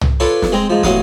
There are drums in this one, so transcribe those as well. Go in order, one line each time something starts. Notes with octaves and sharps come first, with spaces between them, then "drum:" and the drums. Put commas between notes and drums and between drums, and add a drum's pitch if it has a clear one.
drum: tom
D4 F4 A4 B4 C#5
drum: snare
G#3 C4 A#5
G#2 F3
A1 F#3 F5 D#6, drum: snare